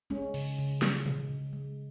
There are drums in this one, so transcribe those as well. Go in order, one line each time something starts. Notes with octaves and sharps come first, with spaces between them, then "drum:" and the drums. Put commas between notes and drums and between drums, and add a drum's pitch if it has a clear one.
G#3 C#4
C#3, drum: cymbal
C#3
G#3, drum: snare
G#3, drum: tom
C#3
G#3